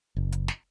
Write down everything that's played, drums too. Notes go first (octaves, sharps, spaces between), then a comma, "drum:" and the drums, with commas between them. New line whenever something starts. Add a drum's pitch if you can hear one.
F#1
drum: hi-hat
drum: snare